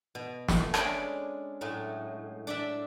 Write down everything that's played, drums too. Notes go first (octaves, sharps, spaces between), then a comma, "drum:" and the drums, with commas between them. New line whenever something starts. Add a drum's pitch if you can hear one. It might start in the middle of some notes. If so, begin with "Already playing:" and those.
B2
A3, drum: snare
G#3 C#4 D4 D5 B5 C6, drum: rim click
A2 F#3 G#3
D4 D5 E5